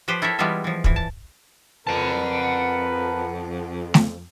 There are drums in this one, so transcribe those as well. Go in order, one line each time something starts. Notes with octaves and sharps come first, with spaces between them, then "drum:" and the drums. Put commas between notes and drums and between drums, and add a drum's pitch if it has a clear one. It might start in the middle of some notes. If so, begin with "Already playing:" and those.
F3 G4 B4 C5 G5
E4 A4 A#4 C#5 E5
E3 G3 G#3 B3 F4 E5
E3 F3
A#2 E3, drum: kick
A5
F2 A#4 B4 F#5 A5
drum: snare A3